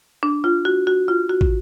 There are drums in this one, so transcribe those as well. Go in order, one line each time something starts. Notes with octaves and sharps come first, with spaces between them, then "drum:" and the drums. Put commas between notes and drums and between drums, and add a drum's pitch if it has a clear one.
D4
F4
F#4
F#4
F4
F#4
drum: kick